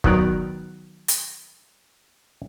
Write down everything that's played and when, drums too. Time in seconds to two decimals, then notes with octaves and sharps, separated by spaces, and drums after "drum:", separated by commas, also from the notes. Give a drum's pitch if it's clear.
0.04 D#3 F#3 B3 D5 A#5, drum: kick
1.08 drum: hi-hat